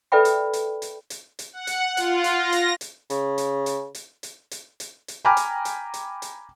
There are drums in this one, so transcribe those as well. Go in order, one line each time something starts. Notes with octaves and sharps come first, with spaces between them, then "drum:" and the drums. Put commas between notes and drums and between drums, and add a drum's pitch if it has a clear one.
A4 B4 D5 E5 G5 B5
drum: hi-hat
drum: hi-hat
drum: hi-hat
drum: hi-hat
drum: hi-hat
F#5
drum: hi-hat
F4, drum: hi-hat
drum: hi-hat
A#6
drum: hi-hat
drum: hi-hat
C#3, drum: hi-hat
drum: hi-hat
drum: hi-hat
drum: hi-hat
drum: hi-hat
drum: hi-hat
drum: hi-hat
drum: hi-hat
G5 G#5 A#5 B5 D6 F6
drum: hi-hat
drum: hi-hat
drum: hi-hat
drum: hi-hat